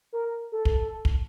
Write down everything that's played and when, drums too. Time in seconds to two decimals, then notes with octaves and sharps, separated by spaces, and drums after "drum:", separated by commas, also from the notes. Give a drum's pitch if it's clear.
0.13 A#4
0.52 A4
0.65 drum: kick
1.05 drum: kick